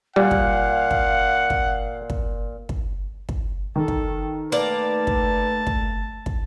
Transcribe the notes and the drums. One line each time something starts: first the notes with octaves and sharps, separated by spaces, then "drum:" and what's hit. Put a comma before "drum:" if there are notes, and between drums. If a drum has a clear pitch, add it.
A#2 G3 F5 F#5
drum: kick
drum: kick
drum: kick
drum: kick
drum: kick
drum: kick
D#3 A4
drum: kick
A3 A#3 B4 D5 A5
drum: kick
drum: kick
drum: kick